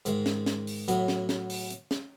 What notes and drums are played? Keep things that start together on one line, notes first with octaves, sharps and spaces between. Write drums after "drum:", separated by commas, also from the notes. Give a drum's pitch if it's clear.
G#2 D#3 G#3, drum: hi-hat
drum: snare
drum: snare
drum: open hi-hat
A2 F#3 B3, drum: hi-hat
drum: snare
drum: snare
drum: open hi-hat
drum: hi-hat
drum: snare